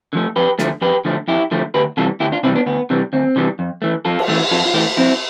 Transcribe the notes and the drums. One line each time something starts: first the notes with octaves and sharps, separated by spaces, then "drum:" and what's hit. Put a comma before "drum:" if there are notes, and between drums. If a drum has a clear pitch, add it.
D3 F3 A3
F2 G4 B4
D3 F3 A3, drum: snare
F2 G4 B4
D3 F3 A3
F2 E4 G4
D3 F3 A3
D2 G4 B4
C3 E3 G3 F4 A4
D2 E4 G4
D4 F4
C3 E3 G3 C4 E4
B3 D4
D2 B3
C3 E3 G3
D2 C4
C3 E3 G3
F2
E3 A3
F2 F4 A4
drum: cymbal
E3 A3
F2 F4 A4
F4
E3 A3 E4 G4
F2 C4 E4